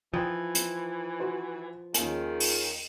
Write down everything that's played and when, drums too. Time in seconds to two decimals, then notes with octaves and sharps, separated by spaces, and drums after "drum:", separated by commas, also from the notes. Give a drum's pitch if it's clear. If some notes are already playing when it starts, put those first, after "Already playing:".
0.14 E3 F3 C5 G5 D#6
0.55 drum: hi-hat
1.20 F#4 B4 C5
1.94 D#2 D#3 C#4 F4 G#4 G#5, drum: hi-hat
2.40 drum: open hi-hat